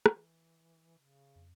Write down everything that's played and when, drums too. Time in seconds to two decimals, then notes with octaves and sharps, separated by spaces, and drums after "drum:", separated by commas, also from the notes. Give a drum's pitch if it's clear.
0.06 E3, drum: rim click
0.98 C#3
1.35 F2